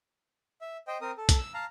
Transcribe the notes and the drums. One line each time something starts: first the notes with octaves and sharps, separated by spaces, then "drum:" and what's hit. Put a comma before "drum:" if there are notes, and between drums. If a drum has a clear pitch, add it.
E5
C5 D#5 G5
C4 A#4 D#6
A4
drum: kick B1, hi-hat
E6
F5 A5 A#5